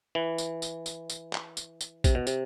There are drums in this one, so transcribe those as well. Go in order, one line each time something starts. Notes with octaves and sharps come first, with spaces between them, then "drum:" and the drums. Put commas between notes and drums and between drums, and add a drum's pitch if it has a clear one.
E3
drum: tambourine
drum: tambourine
drum: tambourine
drum: tambourine
drum: clap
drum: tambourine
drum: tambourine
C3, drum: kick A#1, tambourine
B2
C3, drum: tambourine